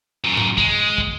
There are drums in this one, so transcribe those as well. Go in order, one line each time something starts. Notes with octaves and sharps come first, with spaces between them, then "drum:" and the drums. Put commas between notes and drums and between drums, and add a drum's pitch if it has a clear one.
F#2 A#2
drum: tom
G#3, drum: kick
drum: kick